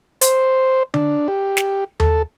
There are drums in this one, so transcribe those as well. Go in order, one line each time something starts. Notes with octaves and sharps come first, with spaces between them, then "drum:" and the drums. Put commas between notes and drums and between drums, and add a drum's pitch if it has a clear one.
C5, drum: hi-hat
D4, drum: tom D3
G4
drum: snare
A4, drum: tom D#2